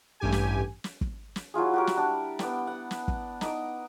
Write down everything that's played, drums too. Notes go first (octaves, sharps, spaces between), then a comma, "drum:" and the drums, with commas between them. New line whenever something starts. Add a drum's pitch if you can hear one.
A1 G2 G4 G#5
drum: snare
drum: snare
drum: kick
drum: snare
F#3 E4 F4 G#4
F#4 G4 A#4
drum: snare
G3 D4
B3 D5 G5, drum: snare
F#5
drum: snare
drum: kick
D#4 D#5 D6, drum: snare